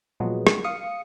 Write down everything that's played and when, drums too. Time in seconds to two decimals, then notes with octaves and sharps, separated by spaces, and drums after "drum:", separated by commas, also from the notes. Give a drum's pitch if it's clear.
0.20 A#2 F3 F#3 G#3 B3
0.47 drum: rim click
0.64 F5 D#6 C#7